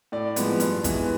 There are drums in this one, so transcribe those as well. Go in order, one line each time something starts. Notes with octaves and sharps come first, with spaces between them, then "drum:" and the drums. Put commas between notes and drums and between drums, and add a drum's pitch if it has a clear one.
A2 D5
F3 G#3 B3, drum: hi-hat
G2, drum: hi-hat
E3 G#3 B3, drum: kick, hi-hat